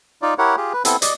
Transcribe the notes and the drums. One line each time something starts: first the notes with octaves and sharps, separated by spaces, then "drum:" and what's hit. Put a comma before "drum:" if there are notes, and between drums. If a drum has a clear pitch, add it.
D#4 F4 D5
E4 G4 A#4 C#5 F#5
F4 G4 G#4
B4
B3 C4 E4 A4, drum: hi-hat
D5 D#5, drum: hi-hat